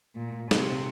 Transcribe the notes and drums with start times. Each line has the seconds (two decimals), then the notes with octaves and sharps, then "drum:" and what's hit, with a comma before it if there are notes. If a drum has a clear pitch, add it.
0.16 A#2
0.51 C3, drum: snare